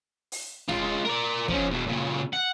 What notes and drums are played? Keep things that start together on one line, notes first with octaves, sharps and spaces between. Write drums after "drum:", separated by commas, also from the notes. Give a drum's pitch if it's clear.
drum: open hi-hat
G#3 F4, drum: snare
A#4 D5
F3 C#4, drum: kick
E2 B2
A#2 C#3
F#5